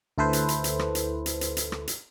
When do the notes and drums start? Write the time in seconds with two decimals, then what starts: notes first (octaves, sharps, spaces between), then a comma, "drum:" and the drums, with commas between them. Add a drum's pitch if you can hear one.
0.18 D2 E4 A4 B4 C5
0.33 drum: hi-hat
0.48 drum: hi-hat
0.64 drum: hi-hat
0.79 drum: rim click
0.95 drum: hi-hat
1.26 drum: hi-hat
1.41 drum: hi-hat
1.57 drum: hi-hat
1.72 drum: rim click
1.88 drum: hi-hat